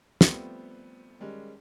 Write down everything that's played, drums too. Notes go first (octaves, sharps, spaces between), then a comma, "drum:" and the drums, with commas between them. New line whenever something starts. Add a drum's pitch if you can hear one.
F3 G3 A3 B3 C4, drum: snare
D#3 G3 G#3 C#4